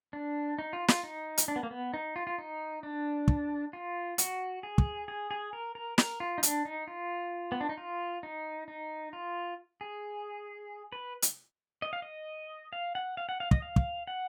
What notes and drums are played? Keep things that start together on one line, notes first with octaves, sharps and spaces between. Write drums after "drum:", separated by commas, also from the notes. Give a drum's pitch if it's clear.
D4
D#4
F4
F4, drum: snare
D#4
drum: hi-hat
D4
B3
A#3
B3
D#4
F4
F4
D#4
D4
drum: kick
F4
F#4, drum: hi-hat
G#4
drum: kick
G#4
G#4
A#4
A#4
A#4, drum: snare
F4
D#4
D4, drum: hi-hat
D#4
F4
B3
D4
D#4
F4
D#4
D#4
F4
G#4
B4
drum: hi-hat
D#5
F5
D#5
F5
F#5
F5
F#5
F5
D#5, drum: kick
F5
drum: kick
F#5